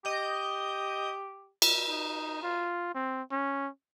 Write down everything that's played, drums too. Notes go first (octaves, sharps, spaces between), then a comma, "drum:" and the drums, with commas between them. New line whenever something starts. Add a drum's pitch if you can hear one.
G4 D#5 G6
drum: cymbal
D#4
F4
C4
C#4